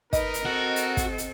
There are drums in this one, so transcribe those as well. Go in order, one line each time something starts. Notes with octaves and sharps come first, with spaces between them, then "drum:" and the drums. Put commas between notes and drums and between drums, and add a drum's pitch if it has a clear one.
D#4 A#4 B4 D#5, drum: kick, hi-hat
drum: hi-hat
C4 F#4 A4
drum: hi-hat
drum: kick, hi-hat
drum: hi-hat